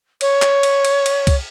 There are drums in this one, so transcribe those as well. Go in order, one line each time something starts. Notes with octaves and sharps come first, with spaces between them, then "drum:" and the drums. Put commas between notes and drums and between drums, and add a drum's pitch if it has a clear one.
C#5, drum: cymbal
drum: clap
drum: cymbal
drum: cymbal
drum: cymbal
drum: kick C2, cymbal